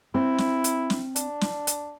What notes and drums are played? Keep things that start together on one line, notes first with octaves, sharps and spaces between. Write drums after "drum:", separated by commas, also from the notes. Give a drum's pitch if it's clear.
C4 E4
drum: snare
drum: hi-hat
drum: snare
D4, drum: hi-hat
drum: snare
drum: hi-hat